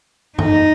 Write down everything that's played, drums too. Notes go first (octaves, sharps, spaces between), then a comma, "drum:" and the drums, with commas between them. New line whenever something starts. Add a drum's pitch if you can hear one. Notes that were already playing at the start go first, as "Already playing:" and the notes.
D#4, drum: tom G2